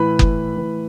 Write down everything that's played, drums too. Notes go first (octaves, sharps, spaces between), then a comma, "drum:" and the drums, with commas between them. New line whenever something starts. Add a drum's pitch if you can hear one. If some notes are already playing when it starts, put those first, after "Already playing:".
Already playing: A2 E3 B4 B5
drum: kick F#1
A2 E3